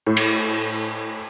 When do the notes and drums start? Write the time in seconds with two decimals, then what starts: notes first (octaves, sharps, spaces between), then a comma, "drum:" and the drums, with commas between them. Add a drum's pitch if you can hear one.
0.07 A2
0.17 drum: cymbal